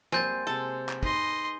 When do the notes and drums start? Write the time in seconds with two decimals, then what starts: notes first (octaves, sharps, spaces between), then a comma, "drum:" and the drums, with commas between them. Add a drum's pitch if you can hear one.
0.12 G3 A#3 C4 C5 G#5 G6 A6, drum: snare
0.47 C3 G#3 A4
0.89 drum: clap
1.03 D#4 B4 D#5 C6, drum: kick